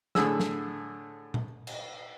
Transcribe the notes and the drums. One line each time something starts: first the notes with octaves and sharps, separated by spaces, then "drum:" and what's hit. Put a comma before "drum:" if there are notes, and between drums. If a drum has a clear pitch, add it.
A2 D3 G#4 E6, drum: snare
drum: snare
drum: tom A#2
drum: cymbal